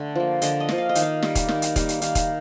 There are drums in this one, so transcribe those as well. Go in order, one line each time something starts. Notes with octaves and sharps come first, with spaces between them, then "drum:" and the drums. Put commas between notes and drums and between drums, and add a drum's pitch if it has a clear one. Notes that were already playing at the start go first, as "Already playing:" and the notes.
Already playing: D3 A3
F3 A#3
D3 D#5, drum: hi-hat
D#5
F3 A#3, drum: snare
F5
D#5
D#3, drum: hi-hat
F5
G3 A#3, drum: snare
drum: kick E1, hi-hat
D#3, drum: snare
drum: hi-hat
G3 A#3, drum: kick E1, hi-hat
drum: hi-hat
D#3 F5, drum: hi-hat
drum: kick E1, hi-hat